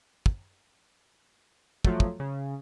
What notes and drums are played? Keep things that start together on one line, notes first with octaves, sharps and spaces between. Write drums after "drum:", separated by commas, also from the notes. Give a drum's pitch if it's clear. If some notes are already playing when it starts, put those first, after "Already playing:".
drum: kick
F3 F#3 A3, drum: kick
drum: kick
C#3